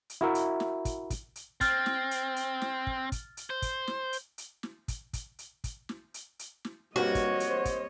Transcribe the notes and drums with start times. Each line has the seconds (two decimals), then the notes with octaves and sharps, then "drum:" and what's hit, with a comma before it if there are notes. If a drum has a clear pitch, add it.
0.10 drum: hi-hat
0.21 E4 F#4 A#4 E5
0.35 drum: hi-hat
0.60 drum: snare
0.85 drum: kick, hi-hat
1.10 drum: kick, hi-hat
1.36 drum: hi-hat
1.61 C4 F6 A6, drum: kick, hi-hat
1.86 drum: snare
2.11 drum: hi-hat
2.36 drum: hi-hat
2.62 drum: snare
2.87 drum: kick
3.12 drum: kick, hi-hat
3.37 drum: hi-hat
3.50 C5
3.62 drum: kick, hi-hat
3.87 drum: snare
4.13 drum: hi-hat
4.38 drum: hi-hat
4.63 drum: snare
4.88 drum: kick, hi-hat
5.13 drum: kick, hi-hat
5.39 drum: hi-hat
5.64 drum: kick, hi-hat
5.89 drum: snare
6.14 drum: hi-hat
6.39 drum: hi-hat
6.65 drum: snare
6.96 G2 G3 A#3 C4 F#4 C#5 D#5
7.15 drum: kick, hi-hat
7.40 drum: hi-hat
7.50 C5
7.65 drum: kick, hi-hat